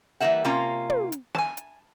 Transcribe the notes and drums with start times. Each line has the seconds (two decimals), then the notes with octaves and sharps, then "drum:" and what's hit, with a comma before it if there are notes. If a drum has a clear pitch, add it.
0.20 E3 G3 A#3 G#4 E5 F#5
0.45 C3 A#3 C#4 F4 A#5
0.90 drum: tom
1.12 drum: hi-hat
1.35 G#5 A5, drum: snare
1.57 drum: hi-hat